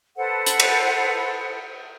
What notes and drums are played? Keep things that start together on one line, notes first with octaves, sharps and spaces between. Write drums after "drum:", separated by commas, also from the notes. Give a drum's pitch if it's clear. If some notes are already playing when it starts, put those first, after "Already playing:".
A4 B4 C5 F#5
drum: hi-hat
drum: cymbal